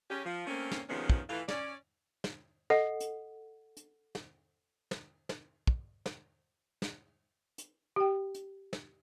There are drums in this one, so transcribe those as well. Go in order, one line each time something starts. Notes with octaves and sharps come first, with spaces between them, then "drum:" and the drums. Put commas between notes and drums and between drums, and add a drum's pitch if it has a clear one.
C#3 C#4 G4
F3
A3 A#3 C4 C#4
drum: snare
C3 D#3 F3 G#3 B3 C#4
drum: kick
E3 A3 F4
C#4 D5, drum: snare
drum: snare
A4 D#5 F#5
drum: hi-hat
drum: hi-hat
drum: snare
drum: snare
drum: snare
drum: kick
drum: snare
drum: snare
drum: hi-hat
G4 G5
drum: hi-hat
drum: snare